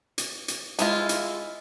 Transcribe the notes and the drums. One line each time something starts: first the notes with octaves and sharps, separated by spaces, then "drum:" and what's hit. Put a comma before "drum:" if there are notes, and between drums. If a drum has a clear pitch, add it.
drum: hi-hat
drum: hi-hat
G#3 E4 F4, drum: hi-hat
drum: hi-hat